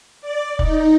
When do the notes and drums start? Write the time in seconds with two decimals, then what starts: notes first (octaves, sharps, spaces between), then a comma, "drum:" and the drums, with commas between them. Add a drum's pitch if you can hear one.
0.21 D5
0.59 D#4, drum: kick